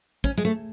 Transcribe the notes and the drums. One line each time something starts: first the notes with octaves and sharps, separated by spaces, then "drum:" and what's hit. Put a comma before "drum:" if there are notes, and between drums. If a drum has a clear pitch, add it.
C#4, drum: kick
G#3
A3